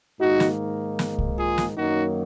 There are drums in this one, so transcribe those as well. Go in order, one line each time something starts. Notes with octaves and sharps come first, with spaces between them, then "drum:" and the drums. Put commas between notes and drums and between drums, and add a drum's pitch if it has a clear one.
G#2 D#3 A#3 D#4 F#4
drum: snare
drum: snare
drum: kick C2
F4 G#4
drum: snare
F#2 D#3 F#3 A#3 D#4 F#4